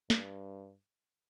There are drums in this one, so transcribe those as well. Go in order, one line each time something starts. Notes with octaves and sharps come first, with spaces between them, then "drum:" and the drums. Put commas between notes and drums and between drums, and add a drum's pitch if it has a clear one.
G2, drum: snare